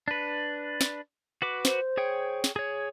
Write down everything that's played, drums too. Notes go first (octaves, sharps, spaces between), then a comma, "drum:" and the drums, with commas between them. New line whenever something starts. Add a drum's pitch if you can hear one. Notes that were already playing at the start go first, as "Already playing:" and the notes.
D4 B4
drum: snare
F#4 B4 D6
C5, drum: snare
G#4 C#5 G5
drum: snare
G#4 C#5